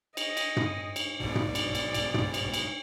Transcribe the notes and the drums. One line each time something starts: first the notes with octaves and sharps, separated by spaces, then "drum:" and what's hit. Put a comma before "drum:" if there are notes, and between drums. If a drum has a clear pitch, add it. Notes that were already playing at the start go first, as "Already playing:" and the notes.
D#5, drum: cymbal
drum: cymbal
drum: tom
drum: cymbal
B1 G#2 B2 D5
drum: tom
drum: cymbal
drum: cymbal
drum: cymbal
drum: tom
drum: cymbal
drum: cymbal